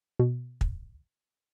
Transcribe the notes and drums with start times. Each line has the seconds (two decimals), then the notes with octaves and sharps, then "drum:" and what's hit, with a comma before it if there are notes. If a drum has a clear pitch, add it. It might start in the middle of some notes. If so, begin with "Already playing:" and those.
0.19 B2
0.61 drum: kick